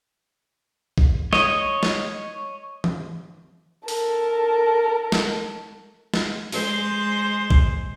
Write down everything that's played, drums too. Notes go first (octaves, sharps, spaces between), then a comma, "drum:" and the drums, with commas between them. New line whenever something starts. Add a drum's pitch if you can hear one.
drum: kick A#1
C#5 D#5, drum: snare
drum: snare
drum: tom
A4 A#4, drum: open hi-hat
drum: snare
drum: snare
G#3 C5, drum: open hi-hat
drum: kick A#1